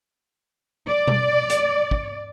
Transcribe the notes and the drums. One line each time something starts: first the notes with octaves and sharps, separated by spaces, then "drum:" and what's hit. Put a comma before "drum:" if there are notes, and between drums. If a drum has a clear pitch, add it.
D5
drum: tom B2
drum: hi-hat
drum: kick